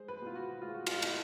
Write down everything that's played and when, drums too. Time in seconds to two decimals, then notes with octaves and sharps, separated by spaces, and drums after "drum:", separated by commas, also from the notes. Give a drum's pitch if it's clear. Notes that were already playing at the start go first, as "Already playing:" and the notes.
Already playing: G#3 C5
0.08 B4
0.22 B2 F4
0.35 F#4
0.62 G#3 F4
0.74 F#4
0.87 F4, drum: cymbal
0.98 F4
1.02 B2 E4, drum: cymbal